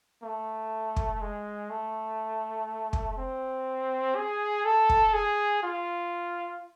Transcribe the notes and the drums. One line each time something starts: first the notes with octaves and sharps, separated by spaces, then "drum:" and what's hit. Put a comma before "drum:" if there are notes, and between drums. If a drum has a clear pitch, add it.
A3
drum: kick
G#3
A3
drum: kick
C4
G#4
A4
drum: kick
G#4
F4